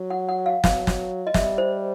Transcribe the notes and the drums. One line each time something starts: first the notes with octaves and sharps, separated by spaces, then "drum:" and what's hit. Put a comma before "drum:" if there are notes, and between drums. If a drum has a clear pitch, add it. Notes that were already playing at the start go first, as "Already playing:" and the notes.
Already playing: F#3
F#5
F#5
F5
F#3 F5, drum: snare
drum: snare
D#5
G3 E5, drum: snare
C5